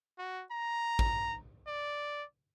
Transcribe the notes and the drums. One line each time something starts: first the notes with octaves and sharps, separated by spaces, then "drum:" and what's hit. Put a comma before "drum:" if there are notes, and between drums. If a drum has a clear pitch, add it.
F#4
A#5
drum: kick A1
D5